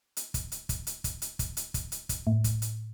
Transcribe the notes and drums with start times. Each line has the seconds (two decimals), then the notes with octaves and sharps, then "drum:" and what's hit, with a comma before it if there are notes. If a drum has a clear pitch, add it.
0.17 drum: hi-hat
0.34 drum: kick, hi-hat
0.52 drum: hi-hat
0.69 drum: kick, hi-hat
0.87 drum: hi-hat
1.04 drum: kick, hi-hat
1.22 drum: hi-hat
1.39 drum: kick, hi-hat
1.57 drum: hi-hat
1.74 drum: kick, hi-hat
1.92 drum: hi-hat
2.09 drum: kick, hi-hat
2.27 A2
2.44 drum: kick, hi-hat
2.62 drum: hi-hat